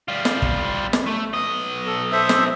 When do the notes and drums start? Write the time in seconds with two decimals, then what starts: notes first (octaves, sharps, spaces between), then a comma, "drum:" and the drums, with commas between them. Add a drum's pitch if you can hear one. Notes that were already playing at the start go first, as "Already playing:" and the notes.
0.08 G3 F4
0.25 drum: snare
0.42 drum: kick
0.93 drum: snare
1.06 A3
1.34 B1 D#5
1.86 A4
2.12 A4 C5 E5
2.29 drum: snare